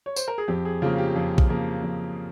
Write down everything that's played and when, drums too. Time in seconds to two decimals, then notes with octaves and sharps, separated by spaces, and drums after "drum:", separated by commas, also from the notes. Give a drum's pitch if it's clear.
0.06 C#5
0.16 C5, drum: tambourine
0.28 A#4
0.38 G#4
0.48 F2 G4
0.65 G#4
0.82 C#3 F3 A#3 F4
0.98 G4
1.16 F2 G#4
1.38 drum: kick
1.49 C#3 F3 A#3
1.83 F2